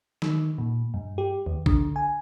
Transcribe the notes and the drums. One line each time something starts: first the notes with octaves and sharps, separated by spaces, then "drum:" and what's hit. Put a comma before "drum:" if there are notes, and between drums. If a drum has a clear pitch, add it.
D#3, drum: snare
A#2
G2
G4
D#2
D3, drum: kick
G#5